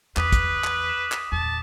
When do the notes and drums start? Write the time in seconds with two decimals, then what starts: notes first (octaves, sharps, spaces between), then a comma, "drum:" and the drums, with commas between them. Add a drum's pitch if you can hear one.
0.17 E2 B4 D6 D#6 B6, drum: clap
0.32 drum: kick, hi-hat
0.64 drum: clap
0.89 E7
1.12 drum: clap
1.32 E2 A#2 A5